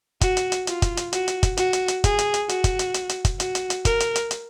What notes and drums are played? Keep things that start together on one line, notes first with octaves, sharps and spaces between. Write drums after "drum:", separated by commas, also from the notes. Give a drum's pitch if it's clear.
F#4, drum: kick, hi-hat
drum: hi-hat
drum: hi-hat
F4, drum: hi-hat
drum: kick, hi-hat
drum: hi-hat
F#4, drum: hi-hat
drum: hi-hat
drum: kick, hi-hat
F#4, drum: hi-hat
drum: hi-hat
drum: hi-hat
G#4, drum: kick, hi-hat
drum: hi-hat
drum: hi-hat
F#4, drum: hi-hat
drum: kick, hi-hat
drum: hi-hat
drum: hi-hat
drum: hi-hat
drum: kick, hi-hat
F#4, drum: hi-hat
drum: hi-hat
drum: hi-hat
A#4, drum: kick, hi-hat
drum: hi-hat
drum: hi-hat
drum: hi-hat